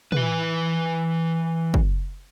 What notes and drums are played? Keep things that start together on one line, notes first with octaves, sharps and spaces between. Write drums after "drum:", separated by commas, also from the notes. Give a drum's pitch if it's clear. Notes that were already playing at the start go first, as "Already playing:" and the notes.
E3 B4, drum: tom
drum: kick